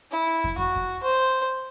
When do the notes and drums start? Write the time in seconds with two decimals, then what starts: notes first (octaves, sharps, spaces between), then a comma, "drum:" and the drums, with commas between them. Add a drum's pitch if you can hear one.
0.11 E4
0.44 drum: kick
0.58 F#4, drum: kick
0.76 drum: kick
1.03 C5